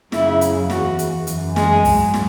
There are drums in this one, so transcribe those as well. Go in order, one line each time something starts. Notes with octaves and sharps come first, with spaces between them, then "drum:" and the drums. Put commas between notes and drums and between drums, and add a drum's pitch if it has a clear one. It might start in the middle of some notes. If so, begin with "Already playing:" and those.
F#2 C#3 F#3 E4, drum: snare
drum: hi-hat
E2 E3 F#4, drum: snare
drum: hi-hat
F#2 E3, drum: hi-hat
G#3 G#4, drum: snare
G#2 F#3, drum: kick, open hi-hat
drum: snare